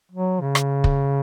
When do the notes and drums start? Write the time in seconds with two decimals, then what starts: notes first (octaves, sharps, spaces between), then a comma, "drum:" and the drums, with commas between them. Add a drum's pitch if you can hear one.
0.12 F#3
0.41 C#3
0.55 drum: rim click
0.84 drum: kick